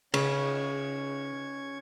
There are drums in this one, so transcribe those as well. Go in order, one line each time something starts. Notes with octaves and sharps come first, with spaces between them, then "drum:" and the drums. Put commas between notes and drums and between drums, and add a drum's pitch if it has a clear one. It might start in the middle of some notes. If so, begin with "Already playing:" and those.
C#3 C#4 C#6 G#6, drum: cymbal